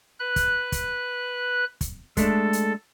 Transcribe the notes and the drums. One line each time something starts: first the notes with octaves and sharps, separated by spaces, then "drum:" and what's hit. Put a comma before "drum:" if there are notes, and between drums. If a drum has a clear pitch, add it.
B4 F#6
drum: kick, hi-hat
drum: kick, hi-hat
drum: kick, hi-hat
G#3 A3 D4 A4, drum: kick, hi-hat
drum: hi-hat